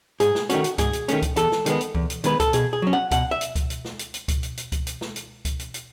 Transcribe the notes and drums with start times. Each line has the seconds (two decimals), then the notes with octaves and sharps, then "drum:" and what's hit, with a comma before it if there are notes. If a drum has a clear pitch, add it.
0.20 G#2 G#4, drum: hi-hat
0.35 drum: snare
0.50 D#3 A3 C#4 F#4, drum: hi-hat
0.64 drum: hi-hat
0.78 G#2 G#4, drum: kick C#2, hi-hat
0.93 drum: hi-hat
1.08 D#3 A3 C#4, drum: hi-hat
1.22 drum: kick C#2, hi-hat
1.36 E2 A4, drum: hi-hat
1.52 drum: snare
1.66 D#3 G#3 B3, drum: hi-hat
1.81 drum: hi-hat
1.95 E2, drum: kick C#2
2.10 drum: hi-hat
2.24 D#3 G#3 B3 B4, drum: hi-hat
2.40 A4, drum: kick C#2, hi-hat
2.53 B2 G#4, drum: hi-hat
2.73 G#4
2.82 F#3 C#4
2.93 F#5
3.11 B2 F#5, drum: kick C#2, hi-hat
3.31 E5
3.41 drum: hi-hat
3.55 drum: kick C#2, hi-hat
3.70 drum: hi-hat
3.85 drum: snare
3.99 drum: hi-hat
4.14 drum: hi-hat
4.28 drum: kick C#2, hi-hat
4.43 drum: hi-hat
4.57 drum: hi-hat
4.72 drum: kick C#2, hi-hat
4.87 drum: hi-hat
5.01 drum: snare
5.16 drum: hi-hat
5.45 drum: kick C#2, hi-hat
5.59 drum: hi-hat
5.74 drum: hi-hat